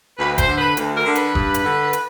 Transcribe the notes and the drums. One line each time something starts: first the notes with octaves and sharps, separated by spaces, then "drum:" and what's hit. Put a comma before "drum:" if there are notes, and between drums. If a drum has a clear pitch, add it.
D2 B4
C5, drum: kick F1, hi-hat
D3
B4
D2, drum: hi-hat
A#4
D3
B4, drum: hi-hat
G2, drum: kick F1
drum: hi-hat
D3
drum: hi-hat